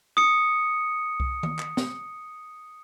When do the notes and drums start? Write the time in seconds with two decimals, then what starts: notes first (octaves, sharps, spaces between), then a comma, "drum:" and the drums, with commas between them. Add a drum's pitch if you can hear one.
0.17 D#6 C#7
1.20 drum: kick C2
1.43 drum: tom D#3
1.59 drum: clap
1.77 drum: snare